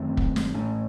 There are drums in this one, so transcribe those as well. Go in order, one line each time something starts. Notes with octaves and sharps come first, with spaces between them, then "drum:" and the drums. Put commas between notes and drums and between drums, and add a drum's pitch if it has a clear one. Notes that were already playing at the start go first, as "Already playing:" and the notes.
Already playing: F#2 D#3 A3 C4
drum: kick
drum: snare
A1 A2 A3 C#4